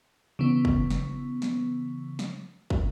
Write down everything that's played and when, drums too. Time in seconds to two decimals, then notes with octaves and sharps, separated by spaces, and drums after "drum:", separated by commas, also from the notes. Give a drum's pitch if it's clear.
0.39 C#3 E3 B3
0.65 drum: kick
0.91 drum: snare
1.42 drum: snare
2.19 drum: snare
2.70 drum: kick